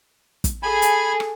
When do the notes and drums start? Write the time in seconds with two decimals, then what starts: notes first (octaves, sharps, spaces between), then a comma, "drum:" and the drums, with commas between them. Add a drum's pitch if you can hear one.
0.44 drum: kick, hi-hat
0.63 G#4 A4 G#5 B5
0.82 drum: hi-hat
1.20 drum: rim click